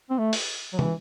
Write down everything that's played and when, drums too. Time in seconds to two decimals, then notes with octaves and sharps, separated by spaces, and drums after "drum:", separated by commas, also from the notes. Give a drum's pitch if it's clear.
0.10 C4
0.18 A3
0.33 drum: open hi-hat
0.73 F#3
0.79 E3, drum: tom